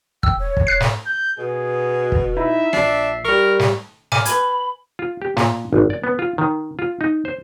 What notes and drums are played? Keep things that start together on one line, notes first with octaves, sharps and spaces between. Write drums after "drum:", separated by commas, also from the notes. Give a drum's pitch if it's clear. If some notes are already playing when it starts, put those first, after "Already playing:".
G5 E6, drum: kick
C#5
drum: kick
F#6 C7
drum: snare
G6
B2 G#4
drum: kick
D#4 E4 E5
A#1 D4 C7, drum: rim click
G3 A#4 C#6
drum: snare
G#5 D6 F6, drum: snare
B4 B5 G#6, drum: hi-hat
F4
G4
A#2, drum: snare
G#1
D5
B3
F4
D#3
F4
D#4
C5